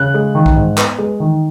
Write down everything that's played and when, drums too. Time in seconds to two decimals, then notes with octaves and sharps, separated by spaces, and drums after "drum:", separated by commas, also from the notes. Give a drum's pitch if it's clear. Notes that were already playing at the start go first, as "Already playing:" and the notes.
Already playing: C#3 F#6
0.14 G#3
0.35 D#3
0.46 drum: kick B1
0.56 G#2
0.78 B3, drum: clap
0.98 G#3
1.20 D#3